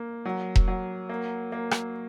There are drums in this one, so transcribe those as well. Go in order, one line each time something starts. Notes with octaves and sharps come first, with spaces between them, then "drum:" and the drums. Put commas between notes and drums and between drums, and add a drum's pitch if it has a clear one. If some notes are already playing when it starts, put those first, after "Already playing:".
Already playing: A#3
F#3
drum: kick E1
F#3
A#3
A#3
drum: rim click